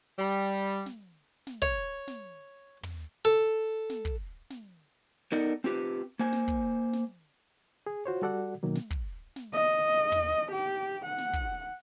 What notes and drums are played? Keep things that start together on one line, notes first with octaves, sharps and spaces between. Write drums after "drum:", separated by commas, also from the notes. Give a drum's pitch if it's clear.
G3
drum: snare
drum: snare
C#5, drum: kick
drum: snare
drum: tom
A4
drum: snare
drum: kick
drum: snare
B3 D#4 A4 A#4 D5 D#5
C4 F4 G4 B4
A#3 C5 G#5
drum: snare
drum: kick
drum: snare
G#4
F4 F#4 C5 C#5
G3 F#4 A4 D5 F#5
B2 D#3 F#3 A#3
drum: snare
drum: kick
drum: snare
D#5
drum: tom
G4
F#5
drum: snare
drum: kick